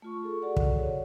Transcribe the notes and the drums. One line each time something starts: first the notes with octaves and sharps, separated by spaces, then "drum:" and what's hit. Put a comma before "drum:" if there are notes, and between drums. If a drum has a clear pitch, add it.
A3 F4 C#6
G#4 A4 C#6
F#4 G#4 A4 D5 F#5
drum: kick
C#5 F#5